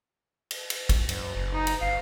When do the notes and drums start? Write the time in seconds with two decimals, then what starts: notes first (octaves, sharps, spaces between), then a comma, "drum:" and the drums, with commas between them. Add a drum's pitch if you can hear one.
0.51 drum: cymbal
0.70 drum: cymbal
0.89 drum: kick, cymbal
1.09 F#2, drum: cymbal
1.36 F#1
1.54 D#4
1.67 drum: cymbal
1.81 G1 F5